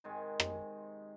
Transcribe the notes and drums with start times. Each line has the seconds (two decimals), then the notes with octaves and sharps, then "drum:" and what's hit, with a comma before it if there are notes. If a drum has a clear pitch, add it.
0.04 G#2 C3 D#3 G#3
0.40 drum: rim click